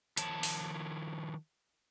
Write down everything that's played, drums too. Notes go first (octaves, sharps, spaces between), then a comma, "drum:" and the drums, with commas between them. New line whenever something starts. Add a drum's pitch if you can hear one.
D#3 F3 C#5 A5, drum: hi-hat
drum: open hi-hat